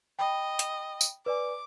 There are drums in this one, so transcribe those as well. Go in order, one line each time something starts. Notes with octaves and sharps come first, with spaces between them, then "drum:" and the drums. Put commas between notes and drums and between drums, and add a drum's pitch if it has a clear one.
D#5 G5 B5
drum: hi-hat
drum: tambourine
B4 D5 G#5 D6